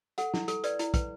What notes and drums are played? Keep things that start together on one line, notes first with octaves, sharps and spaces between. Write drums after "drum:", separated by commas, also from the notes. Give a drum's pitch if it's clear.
A4 F#5, drum: hi-hat
E4, drum: snare
A4, drum: hi-hat
B4 D5, drum: hi-hat
E4, drum: hi-hat
B4, drum: kick, hi-hat